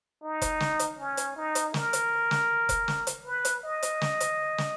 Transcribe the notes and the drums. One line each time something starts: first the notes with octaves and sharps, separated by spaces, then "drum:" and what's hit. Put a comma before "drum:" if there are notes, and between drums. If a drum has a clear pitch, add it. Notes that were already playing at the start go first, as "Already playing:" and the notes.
D#4
drum: kick F1, hi-hat
drum: snare
drum: hi-hat
C#4
drum: hi-hat
D#4
drum: hi-hat
A#4, drum: snare
drum: hi-hat
drum: snare
drum: kick F1, hi-hat
drum: snare
drum: hi-hat
B4
drum: hi-hat
D#5
drum: hi-hat
drum: snare
drum: hi-hat
drum: snare